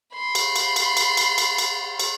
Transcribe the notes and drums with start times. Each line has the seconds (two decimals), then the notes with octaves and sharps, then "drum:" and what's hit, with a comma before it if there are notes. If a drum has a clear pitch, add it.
0.14 B5 C6
0.35 drum: cymbal
0.56 drum: cymbal
0.76 drum: cymbal
0.97 drum: cymbal
1.17 drum: cymbal
1.38 drum: cymbal
1.58 drum: cymbal
2.00 drum: cymbal